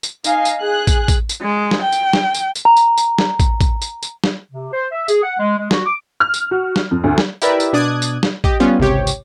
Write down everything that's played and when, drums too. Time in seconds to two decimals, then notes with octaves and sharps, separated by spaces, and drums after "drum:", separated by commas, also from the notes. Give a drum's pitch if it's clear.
0.03 drum: tambourine
0.24 D#4 D#5 F5 G#5, drum: tambourine
0.45 drum: tambourine
0.61 G#4 F#6
0.87 drum: kick, tambourine
1.08 drum: kick, tambourine
1.29 drum: tambourine
1.42 G#3
1.71 drum: snare
1.82 G5
1.92 drum: tambourine
2.13 drum: snare
2.34 drum: tambourine
2.55 drum: tambourine
2.65 A#5
2.76 drum: tambourine
2.97 drum: tambourine
3.19 drum: snare
3.40 drum: kick, tambourine
3.61 drum: kick, tambourine
3.82 drum: tambourine
4.03 drum: tambourine
4.24 drum: snare
4.52 C3
4.72 C5
4.92 E5
5.08 G#4, drum: tambourine
5.23 F#5
5.39 G#3
5.58 G#3
5.71 F#4, drum: snare
5.85 D6
6.20 F6
6.34 drum: tambourine
6.51 F#4
6.76 drum: snare
6.91 F2
7.04 D2
7.18 drum: snare
7.42 E4 G4 A#4 B4 D5 E5, drum: tambourine
7.60 drum: tambourine
7.73 B2 D4 D5 D#6 F#6 G#6
8.02 drum: tambourine
8.23 drum: snare
8.44 G4 D#5, drum: kick
8.60 G3 B3 C#4 F4
8.79 G#1 C#2 C3 G4 C#5
9.07 drum: tambourine